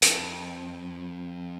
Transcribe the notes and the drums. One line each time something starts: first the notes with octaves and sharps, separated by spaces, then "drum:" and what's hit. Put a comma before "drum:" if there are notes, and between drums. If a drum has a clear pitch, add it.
F2, drum: hi-hat